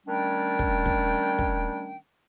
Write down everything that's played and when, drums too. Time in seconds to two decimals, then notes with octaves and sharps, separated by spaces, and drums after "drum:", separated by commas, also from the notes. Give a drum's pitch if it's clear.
0.06 D#3 G3 A3 C#4 D4 G5
0.59 drum: kick
0.86 drum: kick
1.39 drum: kick